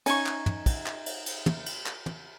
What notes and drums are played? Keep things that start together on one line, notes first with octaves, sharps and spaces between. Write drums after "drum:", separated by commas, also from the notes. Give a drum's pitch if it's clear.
C#4 D#4 G#5 C#6, drum: cymbal
drum: clap
drum: tom
drum: kick, cymbal
drum: clap
drum: cymbal
drum: cymbal
drum: tom
drum: cymbal
drum: clap
drum: tom